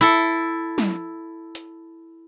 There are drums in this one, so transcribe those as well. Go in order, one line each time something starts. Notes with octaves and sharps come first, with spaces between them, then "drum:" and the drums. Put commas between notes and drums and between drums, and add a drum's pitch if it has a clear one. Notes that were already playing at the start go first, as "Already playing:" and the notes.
E4 A4
drum: snare
drum: hi-hat